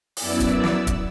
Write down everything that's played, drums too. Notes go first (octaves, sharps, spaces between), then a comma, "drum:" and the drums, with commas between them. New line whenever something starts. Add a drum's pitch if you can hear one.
F#2 B3 E4 D5 E6, drum: open hi-hat
drum: kick, hi-hat
drum: snare
drum: kick, hi-hat